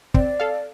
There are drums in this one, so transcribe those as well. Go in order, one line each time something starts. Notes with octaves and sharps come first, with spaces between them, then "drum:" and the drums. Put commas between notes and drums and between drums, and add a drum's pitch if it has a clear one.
C4 D5, drum: kick
A4 F5